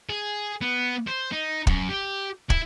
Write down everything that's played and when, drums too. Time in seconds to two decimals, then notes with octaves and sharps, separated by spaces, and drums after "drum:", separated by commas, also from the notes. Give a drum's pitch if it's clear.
0.10 G#4
0.61 B3
1.07 C5
1.32 D#4
1.67 F#2, drum: kick
1.89 G4
2.50 E4, drum: kick